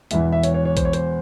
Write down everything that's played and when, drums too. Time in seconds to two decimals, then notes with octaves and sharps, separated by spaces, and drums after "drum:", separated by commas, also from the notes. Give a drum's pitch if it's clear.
0.11 E1 E2 E3 E5, drum: hi-hat
0.32 E5
0.43 C#5, drum: hi-hat
0.54 C#5
0.65 C#5
0.77 C5, drum: kick A#1, hi-hat
0.85 C#5
0.93 C5, drum: hi-hat